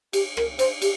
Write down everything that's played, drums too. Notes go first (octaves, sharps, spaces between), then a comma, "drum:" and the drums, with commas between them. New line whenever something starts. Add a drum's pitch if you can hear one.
G4, drum: cymbal
A#4, drum: rim click
C5, drum: cymbal
G4, drum: cymbal